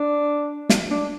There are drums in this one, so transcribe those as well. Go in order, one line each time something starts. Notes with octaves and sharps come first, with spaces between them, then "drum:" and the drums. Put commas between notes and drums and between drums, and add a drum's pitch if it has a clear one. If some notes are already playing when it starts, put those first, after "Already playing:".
Already playing: D4
drum: snare
D4